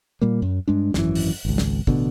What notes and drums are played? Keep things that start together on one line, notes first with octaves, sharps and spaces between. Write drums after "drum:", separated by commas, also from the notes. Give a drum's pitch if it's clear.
A#2 G3 A#3
F#2
G2 G#3 D4
G#1 F#2 C3 E3, drum: snare
drum: open hi-hat
G#1 C#2
drum: snare
A1 B2 D3, drum: kick